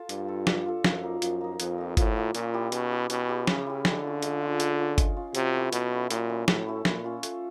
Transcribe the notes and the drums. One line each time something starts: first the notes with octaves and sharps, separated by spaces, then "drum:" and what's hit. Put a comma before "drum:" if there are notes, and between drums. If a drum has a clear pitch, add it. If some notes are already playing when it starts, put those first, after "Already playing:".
Already playing: F4 A4
G2 D4, drum: hi-hat
F4 A4
D4, drum: snare
F4 A4
F#2 F3, drum: snare
A#3 D#4
F#2 F3, drum: hi-hat
A#3 D#4
F2 F3, drum: hi-hat
A#3 D#4
A2 F3, drum: kick G1, hi-hat
A#3 D#4
A#2 C#4, drum: hi-hat
E4 G4
B2 C#4, drum: hi-hat
E4 G4
B2 C#4, drum: hi-hat
E4 G4
C#3 C#4, drum: snare
E4 G4
D3 G#3, drum: snare
C#4 F4
G#3, drum: hi-hat
C#4 F4
G#3, drum: hi-hat
C#4 F4
G#3, drum: kick G1, hi-hat
C#4 F4
C3 F#3, drum: hi-hat
A3 C#4 E4
B2 F#3, drum: hi-hat
A3 C#4 E4
A#2 F#3, drum: hi-hat
A3 C#4 E4
A2 F#3, drum: snare
A3 C#4 E4
A#2 A3, drum: snare
C#4 F4
A3, drum: hi-hat